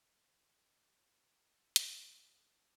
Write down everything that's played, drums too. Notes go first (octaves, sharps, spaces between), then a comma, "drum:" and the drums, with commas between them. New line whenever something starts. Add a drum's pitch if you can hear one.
C5
D#5
A#5
C#5
E5
E6
D#6, drum: hi-hat
E5
A4